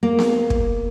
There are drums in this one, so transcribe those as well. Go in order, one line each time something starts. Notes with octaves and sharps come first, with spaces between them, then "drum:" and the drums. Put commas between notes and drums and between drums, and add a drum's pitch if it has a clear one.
A#3
drum: snare B3
drum: kick